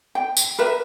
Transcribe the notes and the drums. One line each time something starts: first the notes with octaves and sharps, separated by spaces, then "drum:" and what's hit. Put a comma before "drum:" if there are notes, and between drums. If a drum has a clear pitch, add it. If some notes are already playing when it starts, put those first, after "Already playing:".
G5
drum: tambourine
A#4 B4 E5